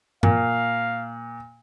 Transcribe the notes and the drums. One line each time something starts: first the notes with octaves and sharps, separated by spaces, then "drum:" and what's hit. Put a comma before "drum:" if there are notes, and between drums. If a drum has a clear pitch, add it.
A#2 F5, drum: tom G2